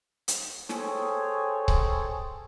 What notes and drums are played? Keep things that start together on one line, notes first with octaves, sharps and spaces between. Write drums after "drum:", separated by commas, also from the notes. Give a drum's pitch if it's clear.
drum: hi-hat
G#4 A4 C5 C#5 G5 G#5, drum: snare
drum: kick C#1